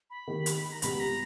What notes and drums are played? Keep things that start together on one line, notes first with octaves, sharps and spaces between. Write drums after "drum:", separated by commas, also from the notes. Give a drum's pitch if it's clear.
B5
D#3 A#3 D#4 G4
drum: hi-hat
A#5
C#2 B2 G3 B3 G4 B5, drum: hi-hat
A#5